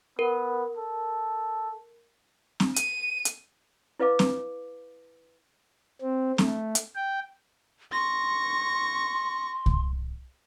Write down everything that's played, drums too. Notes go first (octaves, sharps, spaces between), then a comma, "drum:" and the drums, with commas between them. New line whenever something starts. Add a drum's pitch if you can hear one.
B3 A#4
A4
drum: snare
D#7, drum: hi-hat
drum: hi-hat
E4 B4 D#5 F5 D6
drum: snare
C4
A3, drum: snare
drum: hi-hat
G5
C6 C#6 A#6
drum: kick C2